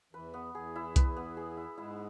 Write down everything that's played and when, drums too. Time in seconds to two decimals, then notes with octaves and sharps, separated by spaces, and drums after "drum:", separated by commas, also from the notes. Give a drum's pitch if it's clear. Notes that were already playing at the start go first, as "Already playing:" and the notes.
0.13 E2 E3 B4
0.34 B3
0.54 E2 E3 G#4
0.76 E4
0.96 B4, drum: kick C2, hi-hat
1.17 B3
1.37 G#4
1.57 E4
1.78 G#2 G#3 E4